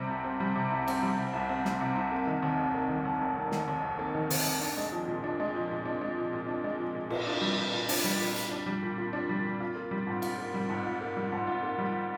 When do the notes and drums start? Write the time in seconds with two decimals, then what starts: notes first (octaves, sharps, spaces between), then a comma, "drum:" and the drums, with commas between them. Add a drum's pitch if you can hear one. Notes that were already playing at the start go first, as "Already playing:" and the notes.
Already playing: C3 G3 C4
0.10 C2
0.24 C4
0.40 G3
0.55 C3
0.71 C2
0.88 C4, drum: cymbal
1.03 G3
1.18 C3
1.33 C2
1.49 C4
1.65 G3, drum: snare
1.81 C3
1.96 C2
2.12 A#3
2.27 D#3
2.43 D#2
2.59 F1
2.74 A#3
2.89 D#3
3.05 D#2
3.21 F1
3.36 A#3
3.52 D#3, drum: snare
3.68 D#2
3.83 F1
3.99 A#3
4.15 D#3
4.30 D#2, drum: open hi-hat
4.46 F1
4.61 D4
4.77 G#3
4.92 F3
5.08 A#2
5.24 D4
5.40 G#3
5.55 F3
5.71 A#2
5.85 D4
6.01 G#3
6.17 F3
6.33 A#2
6.48 D4
6.64 G#3
6.79 F3
6.95 A#2
7.10 A#2, drum: cymbal
7.27 D4
7.42 G3
7.58 A#2
7.73 A#2
7.89 D4, drum: open hi-hat
8.04 G3
8.20 A#2
8.36 A#2, drum: hi-hat
8.51 D4
8.66 G3
8.82 A#2
8.98 A#2
9.13 D4
9.29 G3
9.45 A#2
9.60 F4
9.76 A#3
9.91 G3
10.07 G#2
10.22 F4, drum: cymbal
10.38 A#3
10.54 G3
10.69 G#2
10.86 F4
11.01 A#3
11.17 G3
11.32 G#2
11.47 F4
11.63 A#3
11.78 G3